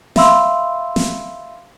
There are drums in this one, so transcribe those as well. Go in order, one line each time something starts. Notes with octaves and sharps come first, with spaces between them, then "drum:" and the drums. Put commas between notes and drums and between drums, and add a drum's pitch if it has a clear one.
E5 F5 B5 C6 E6, drum: snare
drum: snare